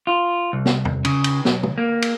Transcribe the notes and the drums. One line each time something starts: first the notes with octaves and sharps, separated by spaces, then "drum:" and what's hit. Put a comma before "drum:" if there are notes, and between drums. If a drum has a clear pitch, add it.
F4
C2
drum: snare
drum: tom
C#3, drum: cymbal
drum: cymbal
B1, drum: snare
drum: tom
A#3
drum: cymbal